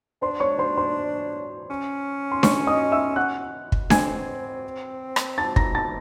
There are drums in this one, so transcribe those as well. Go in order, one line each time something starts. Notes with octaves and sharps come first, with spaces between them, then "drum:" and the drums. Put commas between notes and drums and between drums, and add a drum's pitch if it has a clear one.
D4 C5 C6
C#5 C#6
C5 C6
C5 C6
C#4
C6
C#5 C#6, drum: snare D4
D#5 D#6
E5 E6
F#5 F#6
drum: kick
C4 G#5 G#6, drum: snare D4
drum: rim click
A5 A6
A#5 A#6, drum: kick
A5 A6